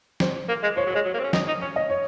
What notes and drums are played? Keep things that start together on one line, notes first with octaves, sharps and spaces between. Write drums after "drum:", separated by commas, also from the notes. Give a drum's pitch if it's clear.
C5, drum: snare
A#3
G#3
F3 C#5
F#3
G#3 C#5
F#3
A#3
C4
C#4
D#4, drum: snare
D#4
C#4 C#5
D#5
C#5